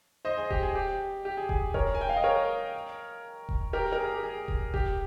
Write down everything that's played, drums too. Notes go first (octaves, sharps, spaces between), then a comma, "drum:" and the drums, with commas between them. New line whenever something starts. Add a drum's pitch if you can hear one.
C5 D#5
G#4
G4, drum: kick D#1
G#4
G4
G4
G#4
G#4, drum: kick D#1
A#4 C#5, drum: kick D#1
G#5
G5
F5
D#5
A#4 C#5
drum: kick D#1
G4 A#4
A#4
G#4
G4
G#4
drum: kick D#1
G4, drum: kick D#1